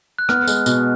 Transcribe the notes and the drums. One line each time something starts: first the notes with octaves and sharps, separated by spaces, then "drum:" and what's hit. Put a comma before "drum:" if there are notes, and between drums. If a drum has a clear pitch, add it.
F#6
B3 F6, drum: rim click
G#3, drum: tambourine
B2, drum: tambourine